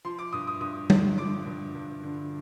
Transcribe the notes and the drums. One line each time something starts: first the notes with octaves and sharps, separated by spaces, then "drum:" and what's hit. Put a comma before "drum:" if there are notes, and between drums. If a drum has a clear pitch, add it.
F3 C6
D6
G2 D#6
D#6
G2 D#6
D3, drum: tom G3
F3 D6
G2
G2
D3